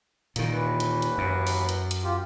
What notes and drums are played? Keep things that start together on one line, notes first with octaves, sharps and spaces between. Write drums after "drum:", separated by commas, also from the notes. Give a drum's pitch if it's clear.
A#2 D#3, drum: hi-hat
D#2 E3 B4
drum: hi-hat
drum: hi-hat
F#2
drum: open hi-hat
drum: hi-hat
drum: hi-hat
F4 G4